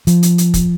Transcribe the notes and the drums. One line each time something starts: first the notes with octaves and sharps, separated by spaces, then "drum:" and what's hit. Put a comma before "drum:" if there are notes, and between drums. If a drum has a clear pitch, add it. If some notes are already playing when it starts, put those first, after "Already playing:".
F3, drum: hi-hat
drum: hi-hat
drum: hi-hat
drum: kick, hi-hat